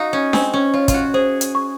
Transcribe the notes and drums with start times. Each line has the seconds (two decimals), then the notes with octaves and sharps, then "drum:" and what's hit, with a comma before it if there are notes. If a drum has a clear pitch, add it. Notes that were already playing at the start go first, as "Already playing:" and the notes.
Already playing: D#4 F#4 F5
0.13 C#4
0.33 C4 G#5, drum: snare D4
0.54 C#4
0.74 F4 C#5
0.88 F4, drum: kick, hi-hat
0.94 F#4
1.14 G#4 C5
1.41 drum: hi-hat
1.55 C#6